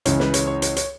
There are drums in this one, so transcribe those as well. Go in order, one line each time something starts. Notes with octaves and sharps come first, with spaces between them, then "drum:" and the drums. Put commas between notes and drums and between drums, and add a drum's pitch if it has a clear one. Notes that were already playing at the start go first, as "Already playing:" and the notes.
C#2 C#3 E3 C#5, drum: hi-hat
B4, drum: snare
C#5, drum: hi-hat
C#5
C#5, drum: hi-hat
C#5, drum: hi-hat